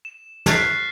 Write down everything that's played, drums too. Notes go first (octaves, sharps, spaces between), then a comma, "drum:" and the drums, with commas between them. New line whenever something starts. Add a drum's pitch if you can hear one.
E7
C#6 F6 F#6 A6 B6 C7, drum: snare